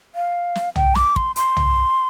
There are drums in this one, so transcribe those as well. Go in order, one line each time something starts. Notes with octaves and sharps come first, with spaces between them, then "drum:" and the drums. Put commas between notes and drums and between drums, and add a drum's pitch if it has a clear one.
F5
drum: snare
G5, drum: tom
D6, drum: snare
C6, drum: kick
C6, drum: hi-hat
drum: tom